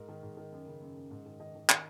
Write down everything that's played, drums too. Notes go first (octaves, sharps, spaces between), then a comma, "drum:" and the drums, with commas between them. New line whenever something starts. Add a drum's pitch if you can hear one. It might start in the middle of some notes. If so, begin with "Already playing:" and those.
Already playing: G#2 A#4
D#3
G#2
D#3
F#2
C#3
F#2
F#2
G#2
D#3
D#3 D#5
D#3
D#3 D#5, drum: clap